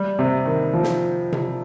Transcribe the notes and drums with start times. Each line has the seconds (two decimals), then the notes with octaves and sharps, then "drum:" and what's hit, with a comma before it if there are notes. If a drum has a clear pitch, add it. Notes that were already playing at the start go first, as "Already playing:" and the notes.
Already playing: G3
0.19 C3
0.45 D#3
0.73 F3
0.83 drum: snare
1.32 drum: tom C3